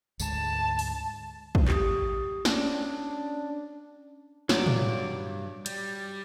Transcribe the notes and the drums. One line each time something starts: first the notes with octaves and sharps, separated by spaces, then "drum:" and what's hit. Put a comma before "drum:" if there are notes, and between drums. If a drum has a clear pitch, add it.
D2 G#2 A5, drum: tambourine
drum: open hi-hat
drum: kick
G4 D#6, drum: clap
C#4 D4, drum: snare
G2 F#3 D5, drum: snare
drum: tom A2
G3, drum: hi-hat